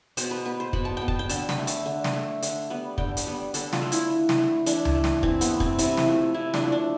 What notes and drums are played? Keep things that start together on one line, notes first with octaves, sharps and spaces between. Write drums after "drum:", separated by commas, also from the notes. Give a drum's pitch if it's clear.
B2 C5, drum: hi-hat
B4
B3 B4
C5
B2 B5, drum: kick
A5
B3 G5
A5, drum: kick
G5
D3 A5, drum: hi-hat
B5, drum: snare
A3
A5, drum: hi-hat
D3
drum: snare
A3
D3, drum: hi-hat
G3 B3
D3 G5, drum: kick
drum: hi-hat
G3 B3
D3 A4, drum: hi-hat
F4, drum: snare
A3
E4, drum: hi-hat
D3
drum: snare
A3
E3 D4, drum: hi-hat
drum: tom C#2
A3
drum: snare
E3 C4, drum: kick
B3, drum: hi-hat
A3
C4, drum: kick
C3 E4, drum: hi-hat
drum: snare
F3 A3
C3 E4
D4, drum: snare
F3 A3
D4